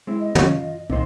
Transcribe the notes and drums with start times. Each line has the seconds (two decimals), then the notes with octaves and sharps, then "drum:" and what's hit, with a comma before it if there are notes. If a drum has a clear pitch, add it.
0.07 G#3 C4 E4
0.20 D#5
0.35 F#3 C#4 F4, drum: tom
0.90 C2 A#2 D#3 C5 D#5